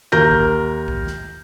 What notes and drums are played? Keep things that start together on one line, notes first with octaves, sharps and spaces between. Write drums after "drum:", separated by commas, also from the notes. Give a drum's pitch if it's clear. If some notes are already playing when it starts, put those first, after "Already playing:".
D#2 A#4 G6 A#6
drum: kick
drum: kick
drum: snare